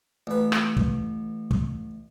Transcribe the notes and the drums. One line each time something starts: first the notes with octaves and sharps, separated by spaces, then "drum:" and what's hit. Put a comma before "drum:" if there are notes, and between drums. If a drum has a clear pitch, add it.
A1 B4
drum: rim click
drum: kick
drum: kick